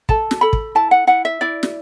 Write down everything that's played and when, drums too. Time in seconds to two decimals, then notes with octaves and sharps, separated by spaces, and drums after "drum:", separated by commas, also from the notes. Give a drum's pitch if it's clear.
0.09 A4 A5, drum: kick
0.31 drum: snare
0.41 A4 B5
0.53 drum: kick
0.75 E4 A5
0.91 F#5
1.07 E4 F#5
1.25 E5
1.41 E4 D5
1.63 drum: snare